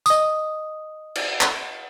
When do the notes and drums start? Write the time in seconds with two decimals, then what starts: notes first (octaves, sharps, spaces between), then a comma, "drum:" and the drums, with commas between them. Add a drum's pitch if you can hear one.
0.06 D#5 D#6, drum: tambourine
1.15 drum: cymbal
1.41 drum: clap